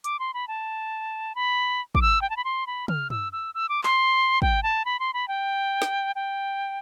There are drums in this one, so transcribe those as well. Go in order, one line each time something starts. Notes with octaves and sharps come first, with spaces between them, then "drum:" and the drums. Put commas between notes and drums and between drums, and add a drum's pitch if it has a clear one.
D6, drum: hi-hat
C6
B5
A5
B5
D6, drum: kick
E6
G5
A5
B5
C6
B5
F6, drum: tom
E6, drum: tom
E6
E6
D6
C6, drum: clap
G5, drum: kick
A5
B5
C6
B5
G5
drum: snare
G5